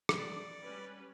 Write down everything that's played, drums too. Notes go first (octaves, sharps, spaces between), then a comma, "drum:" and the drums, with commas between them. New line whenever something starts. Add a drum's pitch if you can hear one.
drum: rim click
D5
G3 C#4 B4